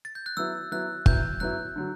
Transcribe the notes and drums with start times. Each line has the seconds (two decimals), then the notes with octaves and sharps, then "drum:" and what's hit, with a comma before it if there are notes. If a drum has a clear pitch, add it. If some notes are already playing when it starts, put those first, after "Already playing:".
0.05 A6
0.15 G6
0.26 F#6
0.37 F#3 B3 E4 E6
0.72 F#3 B3 E4 F#6
1.06 F#3 B3 E4 G6, drum: kick
1.40 F#3 B3 E4 F#6
1.76 D3 F#3